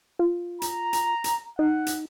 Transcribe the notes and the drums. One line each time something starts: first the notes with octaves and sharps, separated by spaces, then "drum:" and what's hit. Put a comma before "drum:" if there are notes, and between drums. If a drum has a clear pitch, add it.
F4
A#5, drum: hi-hat
drum: hi-hat
drum: hi-hat
D#4 F#5
drum: hi-hat